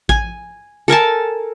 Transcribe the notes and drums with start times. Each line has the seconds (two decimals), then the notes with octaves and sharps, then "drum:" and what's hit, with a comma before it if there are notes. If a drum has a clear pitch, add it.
0.09 G#5, drum: kick A1
0.88 A4 A#4 G#5 A5